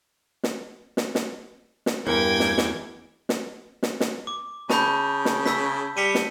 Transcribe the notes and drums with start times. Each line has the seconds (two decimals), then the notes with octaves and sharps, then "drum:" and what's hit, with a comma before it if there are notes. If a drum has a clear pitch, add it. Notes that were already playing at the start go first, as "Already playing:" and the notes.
0.43 drum: snare
0.97 drum: snare
1.15 drum: snare
1.86 drum: snare
2.07 E2 G2 A#4 G5 D6 G#6
2.40 drum: snare
2.58 drum: snare
3.29 drum: snare
3.83 drum: snare
4.00 drum: snare
4.27 D6
4.70 C#3 A5 B5 G6, drum: snare
5.25 drum: snare
5.46 E6 B6, drum: snare
5.97 G3 B6 C#7 D#7
6.15 drum: snare